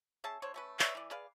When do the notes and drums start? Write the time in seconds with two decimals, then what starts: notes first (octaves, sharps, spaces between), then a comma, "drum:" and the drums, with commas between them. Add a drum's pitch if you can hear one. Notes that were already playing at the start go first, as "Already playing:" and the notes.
0.24 C#4 G#4 E5 A5
0.42 D3 C5 C#5
0.54 A3 C#4 B4
0.79 B4 C#5 D5 E5, drum: clap
0.95 E3 D5
1.11 G#4 B4 D5 F5